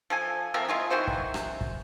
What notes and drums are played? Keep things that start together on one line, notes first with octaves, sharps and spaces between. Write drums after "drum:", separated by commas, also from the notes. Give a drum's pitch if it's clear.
F3 A4 G#5
F3 C4 A#4 E5
G#3 F4 G#4
D#3 E3 F#4 C5
drum: kick
drum: rim click
drum: kick